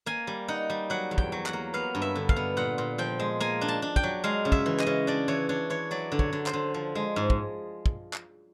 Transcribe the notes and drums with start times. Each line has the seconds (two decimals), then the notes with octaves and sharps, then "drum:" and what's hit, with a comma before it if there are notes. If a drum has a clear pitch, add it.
0.06 A#3 G#5
0.27 G3
0.48 D#4 F#5
0.70 G3
0.90 F#3 F#5
1.11 E2
1.18 G5, drum: kick
1.32 F#3
1.46 F#5, drum: clap
1.53 A#3
1.74 B3 F5
1.95 G2
2.02 E5
2.16 D3
2.29 F5, drum: kick
2.36 B3
2.57 A#2 F#5
2.78 A#2
2.98 F3 G5
3.20 G#3
3.40 A#3 G#5
3.61 D4
3.68 A5
3.82 D4
3.96 G5, drum: kick
4.03 F#3
4.24 G#3 F5
4.45 C#3
4.52 E5, drum: kick
4.66 E3
4.79 D#5, drum: clap
4.87 C#3
5.07 D4 D5
5.28 E3 C#5
5.49 D4 C#5
5.70 E3 C#5
5.91 F#3 D5
6.12 D3
6.19 C#5, drum: kick
6.33 D3
6.46 C5, drum: clap
6.53 D3
6.74 F3
6.95 G#3
7.16 G#2
7.30 drum: kick
7.86 drum: kick
8.13 drum: clap